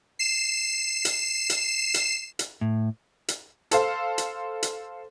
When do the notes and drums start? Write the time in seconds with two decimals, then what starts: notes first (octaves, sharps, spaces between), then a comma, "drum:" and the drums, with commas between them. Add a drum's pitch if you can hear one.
0.19 C7 E7
1.05 drum: hi-hat
1.50 drum: hi-hat
1.94 drum: hi-hat
2.39 drum: hi-hat
2.61 A2
3.28 drum: hi-hat
3.71 A4 C5 F5, drum: hi-hat
4.18 drum: hi-hat
4.63 drum: hi-hat